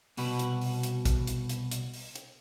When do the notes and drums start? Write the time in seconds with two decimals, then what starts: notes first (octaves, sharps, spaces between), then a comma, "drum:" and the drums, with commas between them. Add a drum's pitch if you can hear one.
0.17 C2 B2 F#4 B4, drum: open hi-hat
0.39 drum: hi-hat
0.61 drum: open hi-hat
0.83 drum: hi-hat
1.05 drum: kick, hi-hat
1.27 drum: hi-hat
1.49 drum: hi-hat
1.71 drum: hi-hat
1.94 drum: open hi-hat
2.16 drum: hi-hat